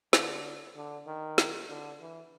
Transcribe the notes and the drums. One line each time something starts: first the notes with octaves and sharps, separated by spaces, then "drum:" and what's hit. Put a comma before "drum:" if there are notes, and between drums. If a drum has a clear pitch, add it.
D3, drum: snare
D3
D#3
drum: snare
D3
E3